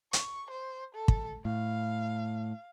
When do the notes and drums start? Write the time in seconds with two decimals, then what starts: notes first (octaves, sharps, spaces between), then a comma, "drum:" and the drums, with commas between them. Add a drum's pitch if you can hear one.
0.13 C#6, drum: hi-hat
0.51 C5
0.95 A4
1.08 drum: kick
1.45 A2 F5